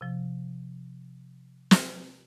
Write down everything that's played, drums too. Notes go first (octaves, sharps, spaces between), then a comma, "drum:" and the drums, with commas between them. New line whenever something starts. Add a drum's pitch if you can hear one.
C3 F3
drum: snare